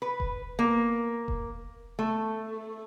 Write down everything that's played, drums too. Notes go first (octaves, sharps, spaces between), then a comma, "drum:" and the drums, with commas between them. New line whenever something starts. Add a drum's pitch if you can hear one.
B4
drum: kick E1
A#3
drum: kick E1
A3